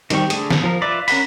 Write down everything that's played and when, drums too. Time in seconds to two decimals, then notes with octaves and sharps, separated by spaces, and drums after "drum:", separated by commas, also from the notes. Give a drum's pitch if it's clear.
0.10 D#3 G3 C4 G4 C#6, drum: hi-hat
0.30 D3 A3 G#4, drum: hi-hat
0.51 drum: snare
0.64 F3 A#4
0.82 F4 B4 D5 E5
1.08 C#4 A#4 F#5 B5, drum: open hi-hat